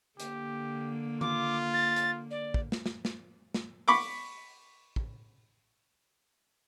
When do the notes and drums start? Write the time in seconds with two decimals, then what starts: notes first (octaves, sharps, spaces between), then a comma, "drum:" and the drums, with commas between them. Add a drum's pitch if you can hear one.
0.20 D3 A#3 G4, drum: hi-hat
1.21 F4 D6, drum: tom D#3
1.74 A6
1.96 drum: hi-hat
2.31 D5
2.54 drum: kick
2.72 drum: snare
2.86 drum: snare
3.05 drum: snare
3.54 drum: snare
3.88 B5 C#6 D6, drum: open hi-hat
4.96 drum: kick